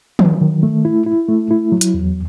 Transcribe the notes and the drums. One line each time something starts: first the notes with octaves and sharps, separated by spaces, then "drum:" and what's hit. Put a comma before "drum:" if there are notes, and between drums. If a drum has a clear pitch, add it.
F#3, drum: tom D#3
D#3
A3
E4
E4
A3
E4
F#3
drum: hi-hat
E2